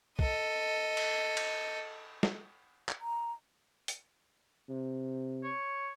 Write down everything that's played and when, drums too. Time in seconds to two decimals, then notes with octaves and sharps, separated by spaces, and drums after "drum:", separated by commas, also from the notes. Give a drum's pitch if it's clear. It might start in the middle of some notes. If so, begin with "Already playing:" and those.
0.19 A4 D#5, drum: kick
0.97 drum: cymbal
1.37 drum: cymbal
2.23 drum: snare
2.89 drum: clap
3.01 A#5
3.88 drum: hi-hat
4.69 C3
5.44 C#5